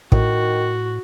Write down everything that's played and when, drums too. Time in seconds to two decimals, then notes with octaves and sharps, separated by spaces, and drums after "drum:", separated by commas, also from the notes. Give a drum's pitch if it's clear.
0.12 A2 D#3 F#4, drum: kick